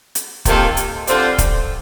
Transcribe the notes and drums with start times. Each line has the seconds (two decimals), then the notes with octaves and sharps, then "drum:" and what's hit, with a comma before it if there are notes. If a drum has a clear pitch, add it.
0.15 drum: hi-hat
0.45 C3 D#3 A#3 F4 A4, drum: kick, hi-hat
0.77 drum: hi-hat
1.07 D3 G3 C4 F4 C5, drum: hi-hat
1.38 drum: kick, hi-hat